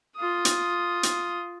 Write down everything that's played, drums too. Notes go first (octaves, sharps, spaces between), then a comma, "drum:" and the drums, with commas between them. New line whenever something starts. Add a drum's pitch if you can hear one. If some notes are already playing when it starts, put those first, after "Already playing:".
F4 D#6
drum: hi-hat
drum: hi-hat